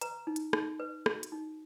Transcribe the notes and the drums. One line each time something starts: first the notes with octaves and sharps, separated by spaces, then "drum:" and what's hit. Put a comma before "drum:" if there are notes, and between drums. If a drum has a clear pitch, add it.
B4 A#5, drum: hi-hat
D#4
drum: hi-hat
D#4, drum: rim click
B4
F#4, drum: rim click
drum: hi-hat
D#4